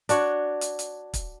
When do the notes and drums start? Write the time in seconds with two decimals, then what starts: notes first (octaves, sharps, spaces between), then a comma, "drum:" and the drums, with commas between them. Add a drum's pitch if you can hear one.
0.09 D4 F#4 C#5, drum: hi-hat
0.61 drum: hi-hat
0.79 drum: hi-hat
1.14 drum: kick, hi-hat